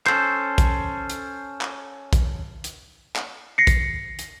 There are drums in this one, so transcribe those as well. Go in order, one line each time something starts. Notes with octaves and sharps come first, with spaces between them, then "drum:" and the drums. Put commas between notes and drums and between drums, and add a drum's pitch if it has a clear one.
C#4 A4 C5, drum: clap
drum: kick, hi-hat
drum: hi-hat
drum: clap
drum: kick, hi-hat
drum: hi-hat
drum: clap
A#6 C7 C#7
drum: kick, hi-hat
drum: hi-hat